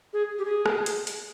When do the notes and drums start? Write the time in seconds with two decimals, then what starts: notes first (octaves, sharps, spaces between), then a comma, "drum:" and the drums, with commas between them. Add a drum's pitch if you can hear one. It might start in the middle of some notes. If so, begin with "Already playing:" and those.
0.13 G#4
0.39 G4
0.45 G#4
0.66 drum: rim click
0.86 drum: hi-hat
1.07 drum: hi-hat